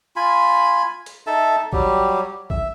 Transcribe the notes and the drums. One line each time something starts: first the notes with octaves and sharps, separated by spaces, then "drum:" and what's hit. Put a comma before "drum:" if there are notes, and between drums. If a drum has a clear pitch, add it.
F4 G#5 B5
drum: hi-hat
D#4 A4 E5 A5
F#3 G3 G4, drum: kick A1
E5, drum: kick A1